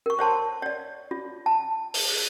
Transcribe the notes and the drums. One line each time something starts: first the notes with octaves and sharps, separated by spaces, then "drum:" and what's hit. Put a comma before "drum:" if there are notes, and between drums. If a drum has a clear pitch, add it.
A#4 C#6
C5 C#5 A5 C6
C#5 D5
F4
A5
drum: open hi-hat
drum: open hi-hat